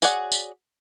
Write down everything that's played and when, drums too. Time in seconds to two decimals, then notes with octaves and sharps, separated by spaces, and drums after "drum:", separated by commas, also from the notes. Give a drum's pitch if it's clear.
0.02 F#4 G#4 C#5 D5 F#5, drum: tambourine
0.32 drum: tambourine